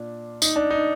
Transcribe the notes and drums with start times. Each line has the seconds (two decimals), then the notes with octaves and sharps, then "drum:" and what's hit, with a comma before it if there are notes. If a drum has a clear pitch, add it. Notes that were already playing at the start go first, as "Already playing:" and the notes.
Already playing: A#2 D4
0.42 D#4, drum: tambourine
0.56 D4
0.71 D#4